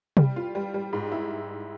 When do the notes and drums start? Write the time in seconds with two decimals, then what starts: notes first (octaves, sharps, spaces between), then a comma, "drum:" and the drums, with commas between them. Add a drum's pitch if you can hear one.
0.17 G3, drum: tom C3
0.36 F4
0.55 G3
0.74 G3
0.93 G#2
1.12 E4